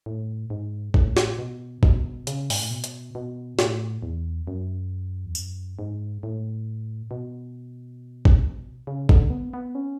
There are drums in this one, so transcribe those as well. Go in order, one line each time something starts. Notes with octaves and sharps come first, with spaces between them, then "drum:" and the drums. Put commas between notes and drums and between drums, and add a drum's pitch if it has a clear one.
A2
G#2
A2, drum: kick
drum: snare
B2
B2, drum: kick
C#3, drum: hi-hat
G#2, drum: open hi-hat
A2
B2
drum: hi-hat
B2
A2, drum: snare
E2
F#2
E2
F#2, drum: tambourine
G#2
A2
B2
drum: kick
C#3
D3, drum: kick
B3
B3
C#4